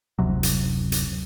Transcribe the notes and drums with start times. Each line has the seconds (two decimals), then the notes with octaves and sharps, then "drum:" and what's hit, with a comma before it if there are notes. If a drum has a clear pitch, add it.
0.19 F#1 D2 C3 F#3
0.43 drum: hi-hat
0.92 drum: hi-hat